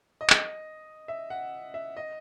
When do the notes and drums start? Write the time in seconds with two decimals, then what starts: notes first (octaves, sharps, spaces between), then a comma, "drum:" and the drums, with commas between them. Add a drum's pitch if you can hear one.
0.21 D#5
0.30 drum: clap
1.08 E5
1.30 F#5
1.74 E5
1.97 D#5